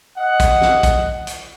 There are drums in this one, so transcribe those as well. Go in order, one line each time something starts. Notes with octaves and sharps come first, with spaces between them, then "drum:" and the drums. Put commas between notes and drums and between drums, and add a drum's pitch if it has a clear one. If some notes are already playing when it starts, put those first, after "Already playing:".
D#5 F#5
drum: kick, hi-hat
drum: snare
drum: kick, hi-hat
drum: hi-hat